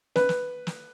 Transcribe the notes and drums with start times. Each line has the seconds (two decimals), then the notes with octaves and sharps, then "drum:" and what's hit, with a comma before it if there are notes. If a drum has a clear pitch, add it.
0.16 B4, drum: snare
0.29 drum: snare
0.67 drum: snare